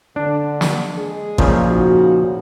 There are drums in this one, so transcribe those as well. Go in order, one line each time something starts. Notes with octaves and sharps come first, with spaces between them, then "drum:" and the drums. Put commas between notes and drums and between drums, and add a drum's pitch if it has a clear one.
D3 D4
drum: snare
G#3 G#4
A#2 C#3 F3, drum: kick A1
D#4 F#4